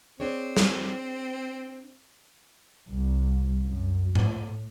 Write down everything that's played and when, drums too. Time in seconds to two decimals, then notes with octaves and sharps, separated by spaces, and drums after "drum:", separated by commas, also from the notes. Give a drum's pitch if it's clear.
0.20 C4 D4 G#4 C#5
0.57 drum: snare
2.88 C2
3.67 F#2
4.15 A2, drum: tom G#2